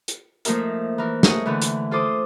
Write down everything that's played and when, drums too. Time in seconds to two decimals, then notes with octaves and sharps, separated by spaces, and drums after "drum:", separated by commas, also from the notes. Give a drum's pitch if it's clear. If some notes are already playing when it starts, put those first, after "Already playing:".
0.08 drum: hi-hat
0.45 F3 A3 A#3 D#4 A#4 E5, drum: hi-hat
0.98 E3 A#4
1.23 A3 G#4 A#4 C#5 D#5, drum: snare
1.45 D3 E3 A3
1.62 drum: hi-hat
1.91 F4 A4 C5 D6 D#6